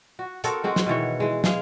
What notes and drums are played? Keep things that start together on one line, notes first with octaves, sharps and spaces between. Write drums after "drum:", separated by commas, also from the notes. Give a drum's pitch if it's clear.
F#4
C4 F#4 A4 A#4, drum: hi-hat
G#3 C4 F#4
drum: snare
B2 D#3 E3 C#5
E3 G#3
G#3 G#4 F5, drum: snare